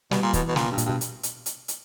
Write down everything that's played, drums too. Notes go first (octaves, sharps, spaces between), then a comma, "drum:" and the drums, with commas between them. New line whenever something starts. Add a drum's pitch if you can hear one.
B2 G3, drum: snare
A#2
B2 E3, drum: kick, hi-hat
B2
A#2 C#3, drum: snare
G2 B2
A#2, drum: hi-hat
G2 B2
drum: hi-hat
drum: hi-hat
drum: hi-hat
drum: hi-hat